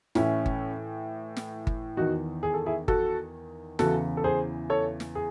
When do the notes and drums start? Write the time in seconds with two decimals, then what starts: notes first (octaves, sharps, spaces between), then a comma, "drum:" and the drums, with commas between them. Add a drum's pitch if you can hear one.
0.15 A2 E3 C#4 E4, drum: snare
0.46 drum: kick G1
1.37 drum: snare
1.67 drum: kick G1
1.97 E2 D#3 D#4 F#4
2.43 G#4
2.54 A4
2.66 E4 G#4
2.88 F#4 A4, drum: kick G1
3.79 E2 C#3 E3 F#4 A4, drum: snare
4.17 A4
4.24 G#4 C5
4.70 A4 C#5
5.00 drum: snare
5.15 G#4